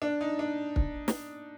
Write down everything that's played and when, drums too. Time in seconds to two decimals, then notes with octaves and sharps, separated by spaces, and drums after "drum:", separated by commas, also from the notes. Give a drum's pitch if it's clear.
0.02 D4
0.21 D#4
0.39 D4
0.76 drum: kick
1.08 drum: snare